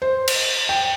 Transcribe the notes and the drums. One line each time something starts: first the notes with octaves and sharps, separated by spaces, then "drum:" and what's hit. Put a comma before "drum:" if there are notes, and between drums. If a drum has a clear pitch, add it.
C5
drum: cymbal
G5